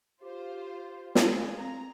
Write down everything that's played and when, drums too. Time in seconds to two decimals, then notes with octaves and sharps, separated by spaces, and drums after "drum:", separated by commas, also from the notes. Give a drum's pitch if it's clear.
0.21 F4 G4 C5
1.15 F4 G#4, drum: snare
1.59 C4 A#5